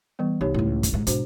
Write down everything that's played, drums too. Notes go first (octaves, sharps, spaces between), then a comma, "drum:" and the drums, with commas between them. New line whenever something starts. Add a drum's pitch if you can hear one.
E3 G3 B3
C2 D#4 G4 C#5
C#2 A2 E4
drum: kick, hi-hat
G#2 D3
G#2 B2 D4 F#4 C5, drum: hi-hat